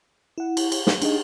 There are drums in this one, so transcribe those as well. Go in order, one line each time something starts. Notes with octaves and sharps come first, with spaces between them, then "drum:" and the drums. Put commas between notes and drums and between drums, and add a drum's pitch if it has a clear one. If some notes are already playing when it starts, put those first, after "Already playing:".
E4 F#5
drum: cymbal
drum: cymbal
drum: snare
D4 D#4 G#4 D#5, drum: cymbal